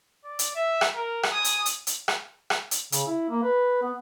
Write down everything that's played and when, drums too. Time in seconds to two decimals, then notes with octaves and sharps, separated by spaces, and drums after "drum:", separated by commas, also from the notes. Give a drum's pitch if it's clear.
0.24 D5
0.39 drum: hi-hat
0.55 E5
0.81 drum: rim click
0.95 A#4
1.23 drum: rim click
1.33 G#5 D#6
1.44 drum: hi-hat
1.66 drum: hi-hat
1.87 drum: hi-hat
2.08 drum: rim click
2.50 drum: rim click
2.71 drum: hi-hat
2.92 C#3, drum: hi-hat
3.07 E4
3.30 A#3
3.43 B4
3.82 B3